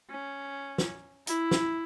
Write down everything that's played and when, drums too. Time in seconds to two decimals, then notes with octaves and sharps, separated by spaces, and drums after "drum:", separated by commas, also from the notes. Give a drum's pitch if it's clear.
0.10 C#4
0.78 drum: snare
1.27 E4, drum: hi-hat
1.51 drum: snare